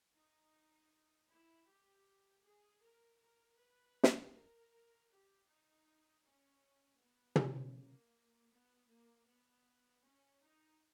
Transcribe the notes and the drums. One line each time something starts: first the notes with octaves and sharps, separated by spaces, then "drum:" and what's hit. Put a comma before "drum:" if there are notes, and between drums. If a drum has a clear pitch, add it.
D#4
E4
G4
G#4
A#4
A#4
B4
drum: snare
A#4
G4
D#4
C#4
B3
drum: tom
A#3
B3
A#3
B3
C#4
D#4